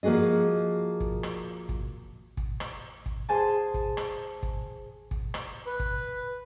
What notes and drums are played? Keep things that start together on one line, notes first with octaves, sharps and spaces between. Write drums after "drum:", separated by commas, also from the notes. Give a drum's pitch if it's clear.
F3 A#3 F#4 G#4 D#5
drum: kick
drum: rim click
drum: kick
drum: kick
drum: rim click
drum: kick
G#4 C5 G#5 A5
drum: kick
drum: rim click
drum: kick
drum: kick
drum: rim click
B4
drum: kick